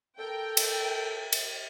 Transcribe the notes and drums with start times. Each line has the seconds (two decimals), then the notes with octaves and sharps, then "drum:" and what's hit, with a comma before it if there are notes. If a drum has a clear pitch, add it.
0.19 A4 A#4 G5
0.57 drum: cymbal
1.32 drum: cymbal